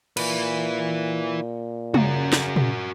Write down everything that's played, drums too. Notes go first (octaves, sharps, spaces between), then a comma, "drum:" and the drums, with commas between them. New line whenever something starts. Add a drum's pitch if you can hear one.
A#2 E4 B4, drum: cymbal
C#3 F#4 A#4, drum: tom
drum: snare
drum: tom A#2